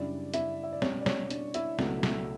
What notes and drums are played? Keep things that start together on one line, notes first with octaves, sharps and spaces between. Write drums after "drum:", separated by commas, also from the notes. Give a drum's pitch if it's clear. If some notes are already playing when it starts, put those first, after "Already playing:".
Already playing: F#2 C#3 G3 C#4 D4 E4 D5
E4 E5, drum: hi-hat
E5
D5
B2 G3 C#4 C#5, drum: snare
D5
C#5, drum: snare
D4 D5, drum: hi-hat
E4 E5, drum: hi-hat
C#2 B2 F#3 A3, drum: snare
drum: snare